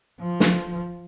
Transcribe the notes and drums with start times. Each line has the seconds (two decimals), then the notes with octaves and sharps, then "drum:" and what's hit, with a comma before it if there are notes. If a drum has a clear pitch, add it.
0.20 F3
0.40 drum: snare